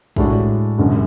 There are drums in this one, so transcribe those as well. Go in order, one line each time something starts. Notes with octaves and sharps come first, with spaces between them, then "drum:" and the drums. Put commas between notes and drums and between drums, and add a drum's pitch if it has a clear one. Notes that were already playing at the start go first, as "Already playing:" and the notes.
A2 G#3 D4 F#4, drum: kick
F#1 F#2 D3 G#3